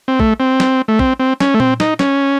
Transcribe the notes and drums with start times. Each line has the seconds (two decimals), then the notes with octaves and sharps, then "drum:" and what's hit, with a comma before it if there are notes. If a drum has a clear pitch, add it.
0.08 C4
0.20 A3, drum: kick
0.40 C4
0.60 drum: snare
0.88 A3
0.99 C4, drum: kick
1.20 C4
1.40 C#4, drum: snare
1.54 A3
1.60 C4, drum: tom A#2
1.80 D#4, drum: snare
1.99 C#4, drum: snare